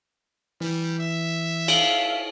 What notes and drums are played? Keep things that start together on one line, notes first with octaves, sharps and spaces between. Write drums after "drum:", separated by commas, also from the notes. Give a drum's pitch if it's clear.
E3 G3
E5
F5, drum: cymbal